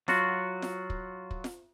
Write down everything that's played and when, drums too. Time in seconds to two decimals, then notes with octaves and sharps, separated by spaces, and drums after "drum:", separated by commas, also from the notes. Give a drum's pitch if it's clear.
0.08 F#3 F4 F#4, drum: snare F4
0.62 drum: snare F4
0.90 drum: kick
1.31 drum: kick
1.44 drum: snare F4